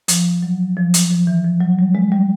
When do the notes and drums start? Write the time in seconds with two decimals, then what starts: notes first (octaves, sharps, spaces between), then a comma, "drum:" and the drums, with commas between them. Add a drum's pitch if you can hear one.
0.08 F3, drum: hi-hat
0.43 F#3
0.77 F3
0.94 drum: hi-hat
1.11 F3
1.27 E3
1.44 F3
1.61 F#3
1.79 G3
1.95 G#3
2.12 G3